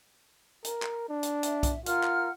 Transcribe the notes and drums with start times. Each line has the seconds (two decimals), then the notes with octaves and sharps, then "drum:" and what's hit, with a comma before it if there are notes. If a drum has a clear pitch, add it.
0.65 A#4, drum: hi-hat
0.82 drum: clap
1.09 D4
1.23 drum: hi-hat
1.43 E5, drum: hi-hat
1.63 drum: kick B1, hi-hat
1.86 F4 A#4 F#5 F6, drum: hi-hat
2.03 drum: clap